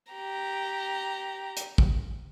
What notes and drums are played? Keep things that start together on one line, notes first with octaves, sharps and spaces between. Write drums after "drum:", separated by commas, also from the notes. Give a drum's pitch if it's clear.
G4 A#5
drum: hi-hat
drum: kick A1